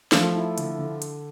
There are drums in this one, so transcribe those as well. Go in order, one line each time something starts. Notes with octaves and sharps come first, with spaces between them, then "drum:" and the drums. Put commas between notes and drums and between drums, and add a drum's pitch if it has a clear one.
F3 A3, drum: snare
E4
D3, drum: hi-hat
D3
drum: hi-hat